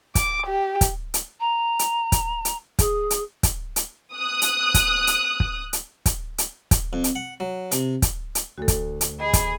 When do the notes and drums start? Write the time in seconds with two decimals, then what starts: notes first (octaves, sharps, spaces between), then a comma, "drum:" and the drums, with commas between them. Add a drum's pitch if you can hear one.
0.15 D6, drum: kick, hi-hat
0.46 G4
0.81 drum: kick, hi-hat
1.14 drum: hi-hat
1.40 A#5
1.79 drum: hi-hat
2.12 drum: kick, hi-hat
2.45 drum: hi-hat
2.79 G#4, drum: kick, hi-hat
3.10 drum: hi-hat
3.43 drum: kick, hi-hat
3.76 drum: hi-hat
4.15 D#6 F#6
4.42 drum: hi-hat
4.74 drum: kick, hi-hat
5.07 drum: hi-hat
5.40 drum: kick
5.73 drum: hi-hat
6.06 drum: kick, hi-hat
6.38 drum: hi-hat
6.71 drum: kick, hi-hat
6.93 F2
7.04 drum: hi-hat
7.15 F#5
7.40 F#3
7.71 C3, drum: hi-hat
8.02 drum: kick, hi-hat
8.35 drum: hi-hat
8.58 D2 F#4 A4
8.68 drum: kick, hi-hat
9.01 drum: hi-hat
9.20 G#4 D#5 B5
9.33 drum: kick, hi-hat